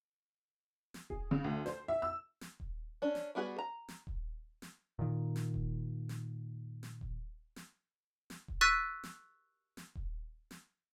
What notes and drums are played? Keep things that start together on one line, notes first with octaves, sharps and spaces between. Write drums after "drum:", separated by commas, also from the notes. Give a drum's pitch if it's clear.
drum: snare
G#4, drum: kick D#1
C#3
D2
C5, drum: snare
E5
E6
drum: snare
drum: kick D#1
C#4 D4
drum: snare
G3 B3 F#4 G#4
A#5
drum: snare
drum: kick D#1
drum: snare
A#2 D#3
drum: snare
drum: kick D#1
drum: snare
drum: snare
drum: kick D#1
drum: snare
drum: snare
drum: kick D#1
C#6 E6 F#6 A6 B6 D#7
drum: snare
drum: snare
drum: kick D#1
drum: snare